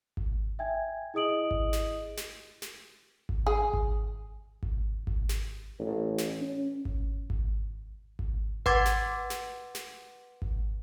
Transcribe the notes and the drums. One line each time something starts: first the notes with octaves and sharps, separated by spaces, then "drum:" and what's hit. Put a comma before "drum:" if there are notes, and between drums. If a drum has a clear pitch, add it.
drum: kick G#1
E5 G5 G#5 G#6
E4 G#4 D#5 D#6 D7 F#7
drum: kick G#1
drum: snare
drum: snare
drum: snare
drum: kick G#1
G#4
drum: kick G#1
drum: kick G#1
drum: kick G#1
drum: snare
A1
drum: snare
C#4
drum: kick G#1
drum: kick G#1
drum: kick G#1
B4 F#5 C6 D6 G#6 A6, drum: kick G#1
drum: snare
drum: snare
drum: snare
drum: kick G#1